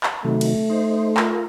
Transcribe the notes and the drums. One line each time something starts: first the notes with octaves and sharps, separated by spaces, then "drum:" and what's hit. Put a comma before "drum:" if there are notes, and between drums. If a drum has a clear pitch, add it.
drum: clap
C3 D#3 F#3 A3
drum: cymbal
D#4 C5
F4 A#4, drum: clap